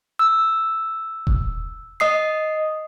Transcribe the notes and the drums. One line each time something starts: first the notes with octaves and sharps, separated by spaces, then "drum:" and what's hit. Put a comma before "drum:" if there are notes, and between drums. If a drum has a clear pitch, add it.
E6
drum: kick E1
D#5 D#6 C7